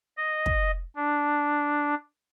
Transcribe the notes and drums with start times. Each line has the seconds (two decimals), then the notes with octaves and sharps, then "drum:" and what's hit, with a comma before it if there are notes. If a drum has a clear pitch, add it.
0.17 D#5
0.46 drum: kick
0.96 D4